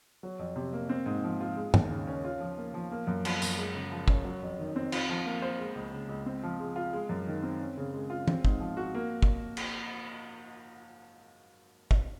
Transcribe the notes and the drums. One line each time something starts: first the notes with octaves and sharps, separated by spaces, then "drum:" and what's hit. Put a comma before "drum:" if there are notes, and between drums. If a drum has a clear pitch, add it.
F#3
F2
C3
A#3
C4
G#2
F3
F4
G#3
D#2, drum: tom G2
C#3
C#4
F4
F3
A#3
F3
A#3
F#2
F3, drum: cymbal
F#2, drum: tambourine
G#3
C#3
F3
C#4, drum: kick
F#3
F2
D#3
C4
F4, drum: cymbal
F3
A#3
C5
G#3
C#2
C#3
C#2
C4
F3
G#3
F4
G#3
F#2
D#3
C4
C#4
C#3
G#3
F4
C4, drum: tom E3
G#2, drum: kick
F3
F#4
A#3
drum: kick
drum: cymbal
drum: kick